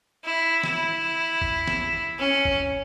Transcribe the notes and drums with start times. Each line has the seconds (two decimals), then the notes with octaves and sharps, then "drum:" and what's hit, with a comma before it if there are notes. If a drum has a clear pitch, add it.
0.25 E4
0.64 E4, drum: snare
1.42 drum: kick G#1
1.68 drum: snare
2.19 C#4
2.45 drum: kick G#1